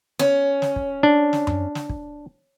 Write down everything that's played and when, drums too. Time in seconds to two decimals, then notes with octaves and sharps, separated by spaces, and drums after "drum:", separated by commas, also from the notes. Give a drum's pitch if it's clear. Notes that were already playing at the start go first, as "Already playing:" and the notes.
0.19 C#4, drum: snare
0.62 drum: snare
0.76 drum: kick
1.03 D4
1.33 drum: snare
1.47 drum: tom F#2
1.75 drum: snare
1.89 drum: kick